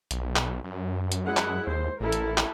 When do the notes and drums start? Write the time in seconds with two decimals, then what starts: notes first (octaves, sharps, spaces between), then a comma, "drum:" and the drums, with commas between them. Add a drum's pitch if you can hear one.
0.11 B1, drum: hi-hat
0.36 drum: clap
0.64 F#2
1.12 drum: hi-hat
1.25 G#3 E4 F#5
1.37 drum: clap
1.67 D#2 C5
2.00 A1 E4 A4 A#4
2.12 drum: hi-hat
2.38 drum: clap